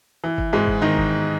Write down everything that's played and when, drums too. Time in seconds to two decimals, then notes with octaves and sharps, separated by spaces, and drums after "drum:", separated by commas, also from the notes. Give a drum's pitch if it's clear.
0.24 E3
0.38 drum: kick G1
0.53 G#2 G#3
0.68 drum: kick G1
0.82 D#3 D#4
0.97 drum: kick G1